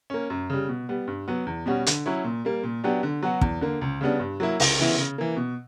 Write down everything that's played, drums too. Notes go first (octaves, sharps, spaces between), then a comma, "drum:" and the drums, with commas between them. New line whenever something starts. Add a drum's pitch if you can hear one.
A#3 C#4
F#2
C#3 G3
B2
G3 B3
G2
F#3 B3
E2
B2 G3 C#4 F#4
D3, drum: hi-hat
F#3 C#4 E4
A#2
G3 A#3
A#2
F#3 B3 D4 G4
D3
F#3 B3 F#4
E2, drum: kick
D3 A#3
C#2
C#3 G3 B3 D4
G2
F#3 A#3 E4
C#2, drum: open hi-hat
C#3 E3 B3 E4
C#3
E3 A#3
B2